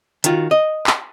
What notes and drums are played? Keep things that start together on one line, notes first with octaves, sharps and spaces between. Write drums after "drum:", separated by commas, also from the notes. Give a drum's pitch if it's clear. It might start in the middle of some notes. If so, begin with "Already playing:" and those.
D#3 F4 F#4, drum: hi-hat
D#5
drum: clap